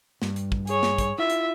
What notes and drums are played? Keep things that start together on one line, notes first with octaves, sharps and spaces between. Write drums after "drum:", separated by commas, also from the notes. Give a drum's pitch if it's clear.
G2, drum: snare
drum: hi-hat
drum: kick
G#4 C#5, drum: hi-hat
drum: snare
drum: kick, hi-hat
E4 F4 E5
drum: hi-hat